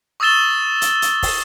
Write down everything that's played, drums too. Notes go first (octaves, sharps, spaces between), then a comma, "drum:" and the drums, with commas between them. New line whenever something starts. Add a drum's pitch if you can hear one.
C#6 D#6 E6 A6 E7 G7
drum: hi-hat
drum: hi-hat
drum: kick, open hi-hat